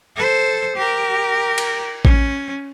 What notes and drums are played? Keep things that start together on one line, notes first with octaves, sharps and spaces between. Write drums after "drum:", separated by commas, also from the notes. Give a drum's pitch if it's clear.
A4 C5
G4 A#4
drum: cymbal
C#4, drum: kick A1